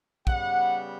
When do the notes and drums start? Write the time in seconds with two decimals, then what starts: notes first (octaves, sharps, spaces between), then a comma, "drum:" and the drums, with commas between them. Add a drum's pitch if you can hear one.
0.27 C#3 G3 B3 F#5, drum: kick